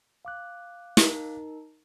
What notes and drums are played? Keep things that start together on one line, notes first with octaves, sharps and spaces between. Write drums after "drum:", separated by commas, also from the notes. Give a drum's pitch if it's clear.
F5 D6 F#6
D#4 A#4, drum: snare